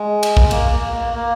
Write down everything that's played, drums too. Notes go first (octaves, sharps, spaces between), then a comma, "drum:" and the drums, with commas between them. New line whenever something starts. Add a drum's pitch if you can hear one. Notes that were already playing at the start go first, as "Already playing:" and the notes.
Already playing: G#3
drum: cymbal
drum: kick A#1
A#3, drum: cymbal
A#3
A#3
A#3